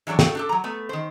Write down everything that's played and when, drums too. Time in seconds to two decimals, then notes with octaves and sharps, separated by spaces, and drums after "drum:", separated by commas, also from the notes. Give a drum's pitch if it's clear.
0.07 E3 F#3 D4 A4 C#5
0.19 F#4 A4 F5 G5, drum: snare
0.35 D4 G4 A4
0.49 F#3 A#5
0.64 A3 B3
0.89 D#3 C5